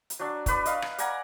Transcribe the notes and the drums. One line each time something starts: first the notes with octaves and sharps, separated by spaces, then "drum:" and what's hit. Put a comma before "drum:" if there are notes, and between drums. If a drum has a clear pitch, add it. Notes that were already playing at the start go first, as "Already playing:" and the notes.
drum: hi-hat
F#3 D4
F#3 B4 D5, drum: kick, hi-hat
D#5 F5, drum: hi-hat
drum: rim click
D5 F#5 G#5 A#5, drum: hi-hat